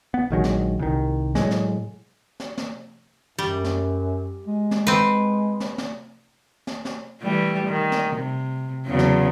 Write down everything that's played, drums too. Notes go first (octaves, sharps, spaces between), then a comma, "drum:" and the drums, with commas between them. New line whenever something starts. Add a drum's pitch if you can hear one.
B3
A#1 D#3 F#3 G#3
drum: snare
C2 D#3
A2 F#3 G#3, drum: snare
drum: snare
drum: snare
drum: snare
F#2 G3
drum: snare
G#3
drum: snare
C4 B4
drum: snare
drum: snare
drum: snare
drum: snare
E3 G3 A3
D#3
drum: snare
C3
E2 C#3 F#3
drum: snare